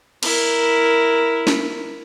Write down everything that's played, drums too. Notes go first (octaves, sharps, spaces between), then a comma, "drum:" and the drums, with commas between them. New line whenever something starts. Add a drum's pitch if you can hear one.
E4 A#4, drum: cymbal
drum: snare